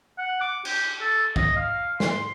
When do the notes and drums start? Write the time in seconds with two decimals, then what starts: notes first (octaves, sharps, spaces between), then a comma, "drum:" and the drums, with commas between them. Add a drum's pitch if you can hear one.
0.18 F#5
0.41 D6
0.65 G4, drum: cymbal
1.01 A4
1.36 D#5, drum: kick
1.56 F5
2.00 C6, drum: snare